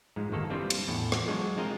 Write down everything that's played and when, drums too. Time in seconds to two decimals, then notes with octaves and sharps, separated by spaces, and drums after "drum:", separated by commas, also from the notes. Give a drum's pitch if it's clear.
0.16 G#2 F3 G#3
0.32 G1 D#2 D#3 A#3 A4
0.49 E3 G3 C4 D4 E4 F4
0.70 drum: cymbal
0.88 E2 A2
1.12 drum: rim click
1.27 F3 F#3 G#3 D4
1.57 G#3 C4 F4 A#4 D#5